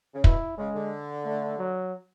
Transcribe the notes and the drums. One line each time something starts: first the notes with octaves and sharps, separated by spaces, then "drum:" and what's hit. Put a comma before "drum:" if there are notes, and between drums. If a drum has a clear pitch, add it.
C#3
B2 E4, drum: kick
C#3 G#3
D3
A3
F#3